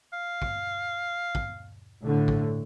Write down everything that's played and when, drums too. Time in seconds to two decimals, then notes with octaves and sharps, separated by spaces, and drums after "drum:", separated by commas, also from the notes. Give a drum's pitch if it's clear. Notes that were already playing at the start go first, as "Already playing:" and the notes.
0.13 F5
0.42 drum: kick
1.35 drum: kick
2.05 A2 D3
2.28 drum: kick